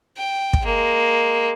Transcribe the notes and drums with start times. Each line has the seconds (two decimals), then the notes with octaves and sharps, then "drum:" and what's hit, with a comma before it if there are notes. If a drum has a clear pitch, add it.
0.17 G5
0.53 drum: kick
0.63 G#3 A#3